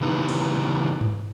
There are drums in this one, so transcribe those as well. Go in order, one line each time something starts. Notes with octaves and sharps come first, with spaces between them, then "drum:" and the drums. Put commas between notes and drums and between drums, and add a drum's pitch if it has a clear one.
C#3 E3 B3 D#4 E4 G4
drum: cymbal
drum: tom G2